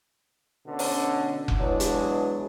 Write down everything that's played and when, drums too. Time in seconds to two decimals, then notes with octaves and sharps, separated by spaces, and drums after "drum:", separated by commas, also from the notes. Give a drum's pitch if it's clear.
0.67 B2 D3 C#4
0.79 drum: open hi-hat
1.48 drum: kick F1
1.60 B2 E3 F#3 G#3 D4 G#4
1.80 drum: hi-hat